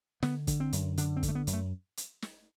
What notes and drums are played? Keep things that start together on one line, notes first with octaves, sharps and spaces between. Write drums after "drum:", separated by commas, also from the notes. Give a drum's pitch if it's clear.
D3 B3, drum: snare
D3, drum: kick, hi-hat
C4
F#2, drum: hi-hat
D3 D4, drum: hi-hat
C4
D3, drum: kick, hi-hat
A3
B3
F#2, drum: hi-hat
A3
drum: hi-hat
drum: snare